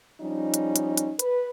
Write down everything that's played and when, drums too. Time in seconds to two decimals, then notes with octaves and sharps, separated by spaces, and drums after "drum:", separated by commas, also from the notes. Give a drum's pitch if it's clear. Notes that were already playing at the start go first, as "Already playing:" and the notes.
0.21 F3 G3 C#4 D#4
0.54 drum: hi-hat
0.76 drum: hi-hat
0.97 drum: hi-hat
1.19 B4, drum: hi-hat